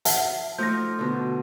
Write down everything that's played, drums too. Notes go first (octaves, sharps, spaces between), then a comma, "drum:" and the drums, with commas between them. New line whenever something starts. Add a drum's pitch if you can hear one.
E5 F#5 A5, drum: hi-hat
F3 A3 D#4 G6 A#6
B2 D3